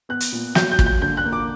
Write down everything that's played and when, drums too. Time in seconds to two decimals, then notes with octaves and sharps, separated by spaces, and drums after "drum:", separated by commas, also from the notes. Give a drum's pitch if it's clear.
0.09 B3 F#6
0.20 drum: hi-hat
0.32 A#2
0.55 F#3 G6, drum: snare
0.72 G6
0.79 A#2, drum: kick
0.86 G6
1.02 D3 G6
1.17 F#6
1.25 A#3
1.33 D6